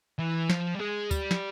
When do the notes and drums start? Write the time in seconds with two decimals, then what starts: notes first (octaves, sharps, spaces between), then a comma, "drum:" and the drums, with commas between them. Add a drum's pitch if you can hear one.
0.19 E3
0.50 F3, drum: snare
0.75 G3
0.79 G#3
1.11 G3, drum: kick, tambourine
1.31 drum: snare